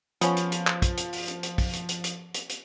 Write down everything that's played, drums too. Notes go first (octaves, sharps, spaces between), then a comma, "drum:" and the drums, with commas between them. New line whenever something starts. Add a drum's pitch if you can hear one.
F3 B3 C#4, drum: hi-hat
drum: hi-hat
drum: hi-hat
drum: clap
drum: kick, hi-hat
drum: hi-hat
drum: open hi-hat
drum: hi-hat
drum: hi-hat
drum: kick, open hi-hat
drum: hi-hat
drum: hi-hat
drum: hi-hat
drum: hi-hat
drum: hi-hat